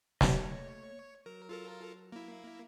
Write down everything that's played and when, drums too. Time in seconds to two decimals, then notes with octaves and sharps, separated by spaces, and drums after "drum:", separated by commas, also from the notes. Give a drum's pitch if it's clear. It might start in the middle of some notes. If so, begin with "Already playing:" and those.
0.21 A3 A#3 C#5 D#5, drum: snare
1.26 F#3 A#4
1.49 F4 A4 A#4
2.12 A#3 E4